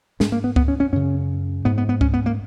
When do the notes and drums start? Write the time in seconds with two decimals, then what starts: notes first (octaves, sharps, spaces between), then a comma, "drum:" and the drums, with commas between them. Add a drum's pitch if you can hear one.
0.20 G#2 G#3, drum: snare
0.32 A#3
0.44 B3
0.56 B3, drum: kick C#2
0.68 C#4
0.80 C#4
0.92 F#2 C#3 C#4
1.65 G#2 B3
1.78 B3
1.89 B3
2.01 C#4, drum: kick C#2
2.14 B3
2.26 A#3